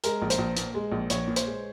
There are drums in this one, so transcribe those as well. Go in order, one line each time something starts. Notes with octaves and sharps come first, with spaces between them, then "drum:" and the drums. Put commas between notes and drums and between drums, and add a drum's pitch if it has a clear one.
G#3 A#4, drum: hi-hat
A#1
C5, drum: hi-hat
A#1
A#2, drum: hi-hat
G#3
A#1
A#1 C#5, drum: hi-hat
A#2
C5, drum: hi-hat
G#3